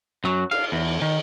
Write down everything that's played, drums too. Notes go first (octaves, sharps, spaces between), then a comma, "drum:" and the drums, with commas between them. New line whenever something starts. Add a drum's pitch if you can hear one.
F#2 F#3
F5, drum: cymbal
E2
D#3